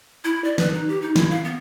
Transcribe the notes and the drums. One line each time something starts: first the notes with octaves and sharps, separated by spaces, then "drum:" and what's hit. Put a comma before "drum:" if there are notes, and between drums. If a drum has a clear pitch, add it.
E4
D5
B4, drum: snare
D#4
G4
D#4
E4, drum: snare
F5
B3